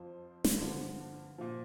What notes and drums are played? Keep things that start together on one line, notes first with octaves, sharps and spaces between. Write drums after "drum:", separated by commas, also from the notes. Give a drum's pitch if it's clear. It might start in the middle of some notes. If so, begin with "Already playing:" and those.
Already playing: F2 F3 C5
drum: snare
G2 D3 F3
A#2 F3